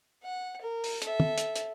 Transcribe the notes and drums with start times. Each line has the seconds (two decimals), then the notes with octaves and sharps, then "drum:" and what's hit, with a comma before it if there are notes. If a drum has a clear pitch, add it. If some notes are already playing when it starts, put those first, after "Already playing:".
0.23 F#5
0.61 A#4
0.84 drum: open hi-hat
1.02 A4 E5, drum: hi-hat
1.20 drum: tom
1.38 drum: hi-hat
1.56 drum: hi-hat